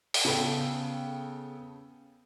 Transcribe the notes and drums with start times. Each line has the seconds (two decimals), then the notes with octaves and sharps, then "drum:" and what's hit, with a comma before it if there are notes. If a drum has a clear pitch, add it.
0.14 drum: open hi-hat
0.25 C#3 B3 A4 G5